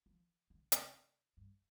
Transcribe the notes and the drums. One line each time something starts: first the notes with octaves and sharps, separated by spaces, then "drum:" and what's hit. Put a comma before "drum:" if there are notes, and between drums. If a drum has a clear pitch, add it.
F3
D3
C3, drum: hi-hat
G2